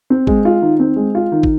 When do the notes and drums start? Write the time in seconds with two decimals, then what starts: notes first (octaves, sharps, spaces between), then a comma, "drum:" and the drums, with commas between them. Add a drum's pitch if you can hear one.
0.10 C4
0.27 G#3, drum: kick
0.45 F4
0.62 D#3
0.80 C4
0.96 G#3
1.15 F4
1.32 D#3
1.43 drum: kick